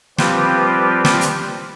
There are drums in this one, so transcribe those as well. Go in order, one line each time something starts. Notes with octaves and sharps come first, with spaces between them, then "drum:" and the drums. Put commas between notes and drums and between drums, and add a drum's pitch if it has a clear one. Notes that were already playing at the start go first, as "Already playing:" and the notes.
F3 G3 C4 F4 G4 B4, drum: snare
drum: snare
drum: hi-hat